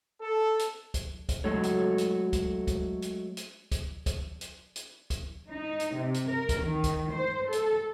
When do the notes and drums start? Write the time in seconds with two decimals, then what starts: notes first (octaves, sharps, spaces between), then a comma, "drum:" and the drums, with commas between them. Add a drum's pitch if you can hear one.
0.21 A4
0.59 drum: hi-hat
0.94 drum: kick, hi-hat
1.29 drum: kick, hi-hat
1.44 F#3 G#3 A3 F#4 A4 C#5
1.63 drum: hi-hat
1.98 drum: hi-hat
2.33 drum: kick, hi-hat
2.67 drum: kick, hi-hat
3.02 drum: hi-hat
3.37 drum: hi-hat
3.72 drum: kick, hi-hat
4.06 drum: kick, hi-hat
4.41 drum: hi-hat
4.76 drum: hi-hat
5.10 drum: kick, hi-hat
5.52 D#4
5.80 drum: hi-hat
5.98 C3
6.14 drum: hi-hat
6.32 A#4
6.49 drum: kick, hi-hat
6.64 D#3
6.84 drum: kick, hi-hat
7.15 C5
7.53 A4, drum: hi-hat